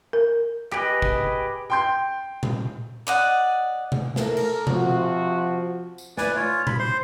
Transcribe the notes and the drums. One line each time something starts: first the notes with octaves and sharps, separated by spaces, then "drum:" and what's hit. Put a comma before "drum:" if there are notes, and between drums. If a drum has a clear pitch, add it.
A#4
G4 G#4 B4 D#5, drum: clap
drum: kick
G5 C6 G6
drum: tom A#2
D5 D#5 F#5
drum: tom B2
A4 A#4, drum: snare
drum: cymbal
C3 F3 C4 F#4, drum: tom B2
drum: tambourine
B4 D5 G#5, drum: snare
F4 C#5
B5, drum: tom A#2
C5 C6